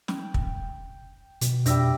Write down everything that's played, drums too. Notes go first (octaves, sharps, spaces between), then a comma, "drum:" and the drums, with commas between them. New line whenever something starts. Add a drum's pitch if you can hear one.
G5, drum: snare
drum: kick
B2, drum: hi-hat
F2 G3 D4 E5 G5 A#6, drum: hi-hat